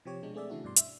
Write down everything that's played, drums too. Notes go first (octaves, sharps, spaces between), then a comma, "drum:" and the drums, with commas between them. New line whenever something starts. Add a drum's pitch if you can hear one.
C3 F3 G4 C#5
B2 G#3 D4
A3 C4 G#4 D5 E5
C#3 E3 A3 D4 E4 F#4
G2 B2 D5 C6
E5, drum: hi-hat